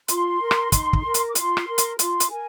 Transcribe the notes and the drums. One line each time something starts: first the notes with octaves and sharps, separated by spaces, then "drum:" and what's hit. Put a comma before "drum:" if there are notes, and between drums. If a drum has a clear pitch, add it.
F4 C6, drum: hi-hat
A#4
drum: rim click
D#4, drum: kick, hi-hat
drum: kick
A#4
drum: hi-hat
D6
F4 C6, drum: hi-hat
drum: rim click
A#4
drum: hi-hat
F4 C6, drum: hi-hat
drum: hi-hat
A#4 G#5